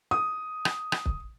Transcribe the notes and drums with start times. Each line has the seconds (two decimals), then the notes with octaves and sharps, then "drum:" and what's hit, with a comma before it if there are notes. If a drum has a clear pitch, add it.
0.11 D#6
0.65 drum: rim click
0.92 drum: rim click
1.06 drum: kick